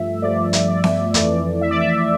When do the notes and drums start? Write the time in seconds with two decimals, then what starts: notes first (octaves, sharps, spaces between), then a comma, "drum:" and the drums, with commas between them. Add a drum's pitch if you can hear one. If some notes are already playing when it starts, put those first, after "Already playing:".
Already playing: G2 F3 A3 E5
0.22 G2 F3 A3 D5
0.53 drum: hi-hat
0.68 D5
0.84 drum: snare B3
1.14 F2 E3 A3 D5, drum: hi-hat
1.61 E5
1.71 D5
1.81 E5